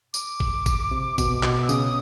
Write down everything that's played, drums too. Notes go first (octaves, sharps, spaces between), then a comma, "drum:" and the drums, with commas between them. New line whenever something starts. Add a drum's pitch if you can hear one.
D6, drum: tambourine
drum: kick G#1
drum: kick G#1, tambourine
C3
B2, drum: kick G#1, tambourine
B2, drum: clap
E6
C#3 D#6, drum: tambourine